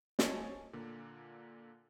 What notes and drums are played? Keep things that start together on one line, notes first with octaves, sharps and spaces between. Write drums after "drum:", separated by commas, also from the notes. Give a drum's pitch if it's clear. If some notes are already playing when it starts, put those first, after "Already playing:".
C5 C#5 D#5 G#5 A5 C#6, drum: snare
A#2 D3 A#3